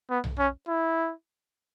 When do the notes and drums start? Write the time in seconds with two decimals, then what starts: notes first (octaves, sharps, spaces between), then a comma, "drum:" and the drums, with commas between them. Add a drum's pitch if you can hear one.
0.10 B3
0.24 drum: tom B1
0.39 C#4
0.68 E4